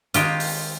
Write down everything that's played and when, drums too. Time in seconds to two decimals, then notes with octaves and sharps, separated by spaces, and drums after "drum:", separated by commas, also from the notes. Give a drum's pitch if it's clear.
0.14 D#3 G#3 C4 F4 G4, drum: hi-hat
0.40 drum: open hi-hat